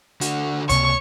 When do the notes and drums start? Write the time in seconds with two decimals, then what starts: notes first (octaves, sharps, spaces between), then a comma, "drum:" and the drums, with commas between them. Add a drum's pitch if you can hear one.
0.21 D3 F#4, drum: hi-hat
0.69 C#2 C3 A#3 C#5 C#6, drum: hi-hat